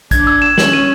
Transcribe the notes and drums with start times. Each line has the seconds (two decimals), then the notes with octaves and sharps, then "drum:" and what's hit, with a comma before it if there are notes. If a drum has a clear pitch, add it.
0.11 D4 G#6, drum: kick, hi-hat
0.27 E6
0.42 E7
0.58 C#4 F#7, drum: snare
0.73 D#7